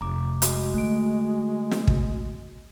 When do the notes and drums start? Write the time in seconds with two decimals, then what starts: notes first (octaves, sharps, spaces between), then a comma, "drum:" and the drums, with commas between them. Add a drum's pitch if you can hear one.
0.01 F1 A#5 D6
0.42 G#3 F#4, drum: hi-hat
0.74 D3 A3 D7
1.71 drum: snare
1.87 drum: kick